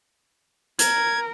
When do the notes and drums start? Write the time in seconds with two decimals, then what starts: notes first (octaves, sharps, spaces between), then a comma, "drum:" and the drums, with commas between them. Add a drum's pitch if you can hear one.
0.79 A#4 G#6, drum: hi-hat